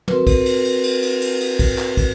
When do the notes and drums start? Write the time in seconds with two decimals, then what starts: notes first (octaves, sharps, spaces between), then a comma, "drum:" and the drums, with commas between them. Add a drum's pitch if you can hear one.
0.08 C4 F#4 A#4 B4, drum: tom
0.27 drum: kick, cymbal
0.46 drum: cymbal
0.65 drum: cymbal
0.84 drum: cymbal
1.03 drum: cymbal
1.21 drum: cymbal
1.40 drum: cymbal
1.59 drum: kick, cymbal
1.78 drum: clap
1.97 drum: kick, cymbal